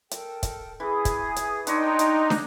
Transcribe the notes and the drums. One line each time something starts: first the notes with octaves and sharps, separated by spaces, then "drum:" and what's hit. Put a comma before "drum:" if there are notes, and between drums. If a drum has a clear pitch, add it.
A4 A#4 G5, drum: hi-hat
drum: kick, hi-hat
E3 E4 G#4 D#6
drum: kick, hi-hat
drum: hi-hat
D4 D#4 C#5 D#5 G5 C6, drum: hi-hat
drum: hi-hat
drum: snare